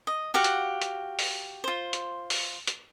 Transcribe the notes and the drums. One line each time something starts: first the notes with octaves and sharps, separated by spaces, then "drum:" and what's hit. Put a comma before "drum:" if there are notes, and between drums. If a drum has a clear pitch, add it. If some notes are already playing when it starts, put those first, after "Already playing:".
D#5
F#4 G4 F5 F#5
drum: hi-hat
drum: hi-hat
drum: open hi-hat
F4 C5
drum: hi-hat
drum: open hi-hat
drum: hi-hat